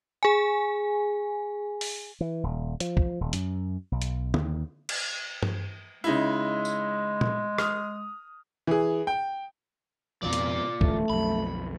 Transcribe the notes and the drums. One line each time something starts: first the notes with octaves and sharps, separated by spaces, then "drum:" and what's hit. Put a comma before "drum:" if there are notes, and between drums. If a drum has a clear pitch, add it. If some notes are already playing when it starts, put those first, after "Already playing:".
G#4 G#5
drum: open hi-hat
E3
D#1
F3, drum: hi-hat
drum: kick
D#1
F#2, drum: hi-hat
B1
drum: hi-hat
D#2, drum: tom D3
drum: cymbal
drum: tom G2
C#3 G#3 D#4 E4
drum: tambourine
drum: tom A#2
D#6 F6, drum: rim click
E3 G#4
G5
F2 B2 F3 F4 D5
drum: hi-hat
D1 A#1 E3 A3, drum: kick
B1 F2 F#3 B5